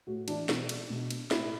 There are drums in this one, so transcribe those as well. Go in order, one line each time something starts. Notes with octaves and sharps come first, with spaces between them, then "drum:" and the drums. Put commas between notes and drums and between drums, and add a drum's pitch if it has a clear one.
A2 F#4
E3 D4, drum: cymbal
B2, drum: snare
drum: cymbal
B2
drum: cymbal
A2 E4, drum: snare